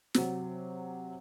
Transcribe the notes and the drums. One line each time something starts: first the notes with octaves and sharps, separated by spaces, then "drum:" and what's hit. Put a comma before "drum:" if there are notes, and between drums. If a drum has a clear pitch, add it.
C3 F#3, drum: snare